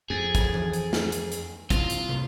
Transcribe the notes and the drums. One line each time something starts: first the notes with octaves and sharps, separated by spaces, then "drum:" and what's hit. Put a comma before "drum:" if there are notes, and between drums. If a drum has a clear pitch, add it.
F2 G#4
drum: kick, hi-hat
drum: tom E3
drum: hi-hat
drum: snare
drum: hi-hat
drum: hi-hat
C2 F4, drum: kick, hi-hat
drum: hi-hat
drum: tom